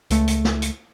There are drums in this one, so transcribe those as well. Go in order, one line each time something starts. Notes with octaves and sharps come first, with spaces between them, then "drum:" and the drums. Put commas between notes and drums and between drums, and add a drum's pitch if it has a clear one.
C#2 A3, drum: hi-hat
drum: hi-hat
drum: snare
drum: hi-hat